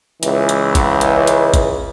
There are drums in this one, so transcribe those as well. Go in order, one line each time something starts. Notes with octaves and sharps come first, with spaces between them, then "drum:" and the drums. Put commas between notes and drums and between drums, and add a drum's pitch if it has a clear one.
C#2 E3, drum: hi-hat
drum: hi-hat
drum: kick G#1, hi-hat
drum: hi-hat
drum: hi-hat
drum: kick G#1, hi-hat